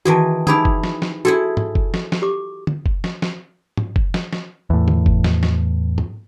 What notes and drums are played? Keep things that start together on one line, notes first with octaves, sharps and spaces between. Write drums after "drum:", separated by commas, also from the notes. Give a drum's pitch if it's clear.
D#3 E3 F#4 G#4 A5
D#4 E4 G4 G#4 B5 D#6, drum: tom
drum: kick F#1
drum: snare
drum: snare
E4 F#4 G#4 A4
drum: tom
drum: kick F#1
drum: snare
drum: snare
G4 D6
drum: tom
drum: kick F#1
drum: snare
drum: snare
drum: tom
drum: kick F#1
drum: snare
drum: snare
E2 A2
drum: tom
drum: kick F#1
drum: snare
drum: snare
drum: tom